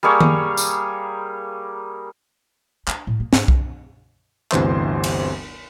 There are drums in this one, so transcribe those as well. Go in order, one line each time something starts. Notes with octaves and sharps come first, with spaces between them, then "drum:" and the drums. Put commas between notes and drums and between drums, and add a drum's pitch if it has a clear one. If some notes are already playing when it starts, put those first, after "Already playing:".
G3 A#3 G#4 C#5
drum: tom D#3
drum: tambourine
D4, drum: clap
A2
A#3
G#2, drum: snare
drum: kick B1
G1 D2 C3 E3 C5 C6, drum: clap
drum: cymbal